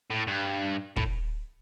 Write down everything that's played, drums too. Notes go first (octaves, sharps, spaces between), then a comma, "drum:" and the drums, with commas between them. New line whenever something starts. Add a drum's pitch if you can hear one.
A2
G2
A2, drum: kick